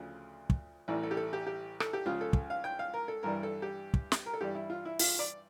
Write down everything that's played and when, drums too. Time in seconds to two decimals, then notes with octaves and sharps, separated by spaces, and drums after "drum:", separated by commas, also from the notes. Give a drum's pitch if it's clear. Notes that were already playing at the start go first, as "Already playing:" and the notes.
Already playing: D2 C#3 F3
0.50 drum: kick
0.88 A1 A2 E3 G3
1.03 A4
1.11 G4
1.17 A4
1.33 G4
1.46 G4
1.80 A4, drum: rim click
1.93 G4
2.06 C#2 C#3 F3 F4
2.21 A4
2.33 drum: kick
2.50 F5
2.64 G5
2.79 F5
2.94 A#4
3.08 A4
3.23 G2 E3 G3 A#4
3.43 A4
3.62 G4
3.94 drum: kick
4.12 drum: snare
4.26 A#4
4.33 A4
4.41 G2 E3 G3 G4
4.55 E4
4.70 F4
4.85 E4
4.99 F4, drum: open hi-hat
5.19 D5